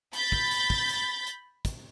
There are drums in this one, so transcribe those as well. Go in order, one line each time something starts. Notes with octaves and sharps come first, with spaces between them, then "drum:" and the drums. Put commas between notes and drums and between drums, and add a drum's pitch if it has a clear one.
B5 G6 A6 B6, drum: hi-hat
drum: kick
drum: hi-hat
drum: kick
drum: hi-hat
drum: hi-hat
drum: kick, hi-hat